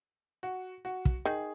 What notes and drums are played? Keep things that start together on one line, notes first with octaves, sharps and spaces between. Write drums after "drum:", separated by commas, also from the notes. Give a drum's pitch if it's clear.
F#4
F#4
drum: kick
D#3 G#4